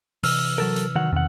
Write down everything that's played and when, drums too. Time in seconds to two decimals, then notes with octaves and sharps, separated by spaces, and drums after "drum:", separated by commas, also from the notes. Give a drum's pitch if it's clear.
0.23 C3 E3 E6 F6, drum: open hi-hat
0.58 F#3 A4 A#4
0.76 drum: hi-hat
0.95 D#3 F#3 F#5
1.12 E2 B2 D#3 C4 F#5